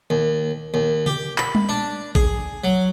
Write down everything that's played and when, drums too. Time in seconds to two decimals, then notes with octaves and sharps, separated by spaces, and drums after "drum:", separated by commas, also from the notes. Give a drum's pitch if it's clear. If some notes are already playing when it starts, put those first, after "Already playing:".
0.10 D#2
0.74 D#2
1.06 G4, drum: tom C#3
1.38 B5, drum: clap
1.55 drum: tom G3
1.69 D4
2.15 G#4, drum: kick A1
2.64 F#3